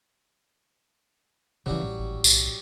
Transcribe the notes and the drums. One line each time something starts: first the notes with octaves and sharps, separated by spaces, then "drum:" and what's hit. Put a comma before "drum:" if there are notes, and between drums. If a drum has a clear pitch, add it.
C#3 E3 F#3 G3
A1
G#1
B1, drum: tambourine